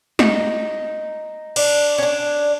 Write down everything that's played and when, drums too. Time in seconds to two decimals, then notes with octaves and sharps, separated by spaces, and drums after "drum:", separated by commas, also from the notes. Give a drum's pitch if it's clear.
0.19 D#4, drum: snare
1.56 D4, drum: cymbal
1.98 C#4
2.03 D4